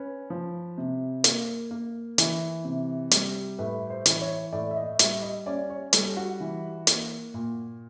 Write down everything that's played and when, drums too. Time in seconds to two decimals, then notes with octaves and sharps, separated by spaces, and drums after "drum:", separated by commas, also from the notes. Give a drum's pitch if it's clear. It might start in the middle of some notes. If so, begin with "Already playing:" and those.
Already playing: C#4 B4
0.30 F3
0.78 C3
1.24 A#3, drum: hi-hat
1.71 A#3
2.18 E3, drum: hi-hat
2.65 C3
3.11 G3, drum: hi-hat
3.59 A2 B4
3.90 C5
4.06 E3, drum: hi-hat
4.21 C#5
4.52 A2 D5
4.71 E5
4.76 D#5
4.99 G3 E5, drum: hi-hat
5.23 D#5
5.46 C#4 D5
5.70 C#5
5.93 G3 A4, drum: hi-hat
6.17 F#4
6.40 E3
6.87 A#3, drum: hi-hat
7.34 A#2